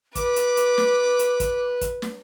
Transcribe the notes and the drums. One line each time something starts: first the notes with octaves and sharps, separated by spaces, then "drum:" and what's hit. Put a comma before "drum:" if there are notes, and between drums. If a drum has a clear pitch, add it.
B4 D6, drum: kick, hi-hat
drum: hi-hat
drum: hi-hat
drum: snare
drum: hi-hat
drum: kick, hi-hat
drum: kick, hi-hat
drum: snare